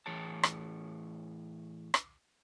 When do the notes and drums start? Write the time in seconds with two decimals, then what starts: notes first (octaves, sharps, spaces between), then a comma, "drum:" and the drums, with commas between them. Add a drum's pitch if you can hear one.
0.06 A2 E3 G#4 C#5 A5
0.43 drum: rim click
1.94 drum: rim click